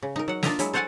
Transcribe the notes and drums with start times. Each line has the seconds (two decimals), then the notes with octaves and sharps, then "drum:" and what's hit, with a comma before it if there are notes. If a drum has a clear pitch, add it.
0.03 C#3
0.16 D#4 A#4
0.28 F#3 F#5
0.43 D4 F4 A#4 D#5 E5 A#5, drum: snare
0.59 F#3 G#3 E4, drum: hi-hat
0.73 A4 C5 C#5 F#5 G#5 A5